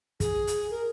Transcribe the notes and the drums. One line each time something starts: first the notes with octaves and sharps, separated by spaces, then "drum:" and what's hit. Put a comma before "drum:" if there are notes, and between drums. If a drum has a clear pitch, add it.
G#4, drum: kick, hi-hat
drum: hi-hat
A#4